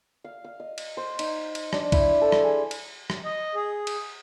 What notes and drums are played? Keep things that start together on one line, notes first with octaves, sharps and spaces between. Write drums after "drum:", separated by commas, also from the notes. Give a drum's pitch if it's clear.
F5
F5
D#5
drum: cymbal
C5
D#4, drum: cymbal
drum: cymbal
D4, drum: rim click
E4, drum: kick C2, cymbal
A4
drum: rim click
G#4
drum: cymbal
drum: rim click
D#5
G#4
drum: cymbal